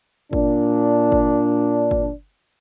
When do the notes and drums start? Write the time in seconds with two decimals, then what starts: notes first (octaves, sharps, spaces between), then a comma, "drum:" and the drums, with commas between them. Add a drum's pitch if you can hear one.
0.33 A#2 D4, drum: kick
1.12 drum: kick
1.91 drum: kick